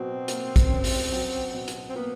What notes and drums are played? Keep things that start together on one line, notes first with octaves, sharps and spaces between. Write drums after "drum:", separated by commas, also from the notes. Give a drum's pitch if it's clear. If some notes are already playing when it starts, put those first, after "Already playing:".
Already playing: B2 F#3 C4
A#3, drum: hi-hat
drum: kick, hi-hat
C#4
drum: open hi-hat
F#3
B2
drum: hi-hat
C4
A#3 B3